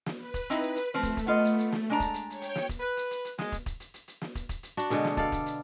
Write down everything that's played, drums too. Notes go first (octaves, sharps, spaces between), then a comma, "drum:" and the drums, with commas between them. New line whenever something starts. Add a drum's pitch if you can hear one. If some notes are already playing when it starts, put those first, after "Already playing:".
drum: snare
B4
drum: kick, hi-hat
C4 D#4 E4, drum: hi-hat
drum: hi-hat
drum: hi-hat
F3 A3 C4
drum: kick, hi-hat
drum: kick, hi-hat
B3 F4 D#5
drum: hi-hat
drum: hi-hat
drum: snare
G#3 D4 A#5
drum: kick, hi-hat
drum: hi-hat
C#5 G5, drum: hi-hat
drum: hi-hat
drum: snare
drum: kick, hi-hat
B4
drum: hi-hat
drum: hi-hat
drum: hi-hat
G#3, drum: snare
drum: kick, hi-hat
drum: kick, hi-hat
drum: hi-hat
drum: hi-hat
drum: hi-hat
drum: snare
drum: kick, hi-hat
drum: kick, hi-hat
drum: hi-hat
D4 F#4, drum: hi-hat
B2 D3 G#3 B3, drum: hi-hat
drum: snare
A4 D5 F5, drum: kick
drum: kick, hi-hat
drum: hi-hat